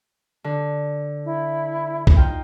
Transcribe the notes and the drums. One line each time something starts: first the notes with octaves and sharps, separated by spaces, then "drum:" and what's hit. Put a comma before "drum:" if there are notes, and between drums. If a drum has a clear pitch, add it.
D3
E4
drum: kick C2
D#4 F4 G5